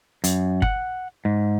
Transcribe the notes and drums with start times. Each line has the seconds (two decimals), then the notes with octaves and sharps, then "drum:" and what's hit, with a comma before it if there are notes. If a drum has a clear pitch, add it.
0.24 F#2, drum: hi-hat
0.62 F#5, drum: kick G1
1.25 G#2